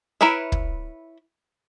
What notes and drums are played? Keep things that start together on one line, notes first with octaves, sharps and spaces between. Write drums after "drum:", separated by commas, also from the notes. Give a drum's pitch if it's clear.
E4 A#4 B4 C#5 E5
drum: kick